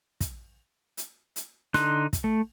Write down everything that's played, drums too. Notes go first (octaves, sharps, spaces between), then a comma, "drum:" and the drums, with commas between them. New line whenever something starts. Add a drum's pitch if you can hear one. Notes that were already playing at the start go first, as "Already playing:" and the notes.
drum: kick, hi-hat
drum: hi-hat
drum: hi-hat
D3 D#4 C6 F#6, drum: snare
drum: kick, hi-hat
A3